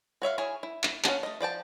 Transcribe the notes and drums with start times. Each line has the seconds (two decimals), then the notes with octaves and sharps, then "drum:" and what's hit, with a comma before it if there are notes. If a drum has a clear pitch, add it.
0.22 F#4 C#5 E5 F5
0.38 E4 G#4 C#5 G#5
0.63 E4
0.84 drum: clap
1.04 C#4 F4 F#5 A5, drum: clap
1.23 A3 D#5
1.41 F3 D5 G5 A5